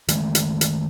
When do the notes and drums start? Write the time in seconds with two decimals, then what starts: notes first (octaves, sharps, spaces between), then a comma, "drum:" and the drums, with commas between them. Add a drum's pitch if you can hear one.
0.08 D#3 G#3 A3, drum: hi-hat
0.35 drum: hi-hat
0.61 drum: hi-hat